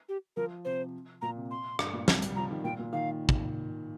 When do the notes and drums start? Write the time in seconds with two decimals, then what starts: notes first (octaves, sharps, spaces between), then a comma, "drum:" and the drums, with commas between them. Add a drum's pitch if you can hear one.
0.09 G4
0.36 F3 A#4
0.65 C3 C5
1.22 A#2 A#5
1.37 C3
1.51 C6
1.79 G2, drum: rim click
1.93 A#2
2.08 C3, drum: snare
2.22 G3, drum: hi-hat
2.36 F3 A#5
2.51 D#3
2.64 A#2 G5
2.79 A#2
2.93 D#3 F5
3.29 drum: kick